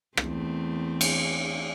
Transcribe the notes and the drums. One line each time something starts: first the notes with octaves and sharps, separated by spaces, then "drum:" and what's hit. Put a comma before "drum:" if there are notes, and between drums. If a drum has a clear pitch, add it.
E2 A3 C4, drum: rim click
drum: cymbal